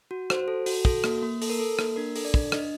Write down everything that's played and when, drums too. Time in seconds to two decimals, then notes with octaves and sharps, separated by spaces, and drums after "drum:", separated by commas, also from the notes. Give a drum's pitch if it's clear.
0.11 F#4
0.30 F#4 C5, drum: rim click
0.48 A4
0.66 F#4, drum: open hi-hat
0.85 F#4 A4, drum: kick
1.04 A#3, drum: rim click
1.22 A#3
1.42 A4, drum: open hi-hat
1.50 A#4
1.59 A4
1.79 A#3, drum: rim click
1.96 D4 A#4
2.16 A4, drum: open hi-hat
2.25 D5
2.34 D4, drum: kick
2.52 D4 D#5, drum: rim click